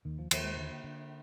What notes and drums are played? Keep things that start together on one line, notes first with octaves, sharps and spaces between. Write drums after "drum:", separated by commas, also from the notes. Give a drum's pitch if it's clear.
D#2 D#3
F3
D#2 F3, drum: cymbal
G#3
D3 A#3
D3